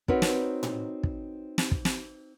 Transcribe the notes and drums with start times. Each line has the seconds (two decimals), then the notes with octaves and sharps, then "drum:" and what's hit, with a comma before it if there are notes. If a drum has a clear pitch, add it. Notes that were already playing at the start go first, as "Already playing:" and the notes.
0.08 C4 D#4 F#4 A#4 B4 C#5, drum: kick
0.22 drum: snare
0.63 drum: tom A2
1.03 drum: kick
1.58 drum: snare
1.71 drum: kick
1.85 drum: snare